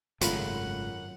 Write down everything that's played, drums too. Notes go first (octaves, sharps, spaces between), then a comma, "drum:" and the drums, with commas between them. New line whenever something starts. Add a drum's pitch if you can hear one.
G#1 F#2 C#3 A3 F4 F#5 B5, drum: hi-hat